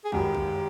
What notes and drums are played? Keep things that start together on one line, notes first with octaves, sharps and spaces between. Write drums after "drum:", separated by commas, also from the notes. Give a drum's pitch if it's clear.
G#4
G1 F#2 D#3 G#3 B3 G4, drum: kick
drum: kick